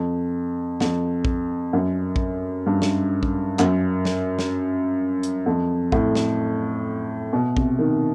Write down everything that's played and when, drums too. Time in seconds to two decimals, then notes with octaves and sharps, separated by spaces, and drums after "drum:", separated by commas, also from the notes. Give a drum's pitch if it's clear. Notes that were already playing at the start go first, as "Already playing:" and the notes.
Already playing: F2
0.80 F2, drum: snare
1.25 drum: kick A#1
1.73 F#2
2.16 drum: kick A#1
2.66 G2
2.82 drum: snare
3.23 drum: kick A#1
3.59 F#2, drum: clap
4.05 drum: snare
4.39 drum: snare
5.23 drum: hi-hat
5.46 F2
5.92 A2, drum: kick A#1
6.15 drum: snare
7.33 B2
7.57 C3, drum: kick A#1
7.79 D#3